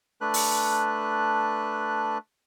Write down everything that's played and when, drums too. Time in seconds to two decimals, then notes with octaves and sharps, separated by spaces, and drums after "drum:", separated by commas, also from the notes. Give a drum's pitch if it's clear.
0.21 A3 D4 B4 F#6
0.34 drum: open hi-hat